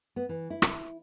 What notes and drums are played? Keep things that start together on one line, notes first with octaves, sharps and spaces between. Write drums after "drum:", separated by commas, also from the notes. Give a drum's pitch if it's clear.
B3
E3
E4
drum: rim click